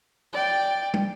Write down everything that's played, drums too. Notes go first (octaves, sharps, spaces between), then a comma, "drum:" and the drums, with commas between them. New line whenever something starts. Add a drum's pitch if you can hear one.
D5 G5
drum: tom